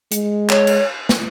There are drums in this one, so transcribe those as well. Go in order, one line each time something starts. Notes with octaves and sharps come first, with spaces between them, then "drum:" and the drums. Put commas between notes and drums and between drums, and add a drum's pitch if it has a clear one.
G#3, drum: hi-hat
C#5, drum: clap
drum: cymbal
drum: snare